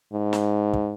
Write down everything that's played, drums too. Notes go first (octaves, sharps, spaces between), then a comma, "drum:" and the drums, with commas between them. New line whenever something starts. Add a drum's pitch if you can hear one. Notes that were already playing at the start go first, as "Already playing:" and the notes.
G#2
drum: snare
drum: kick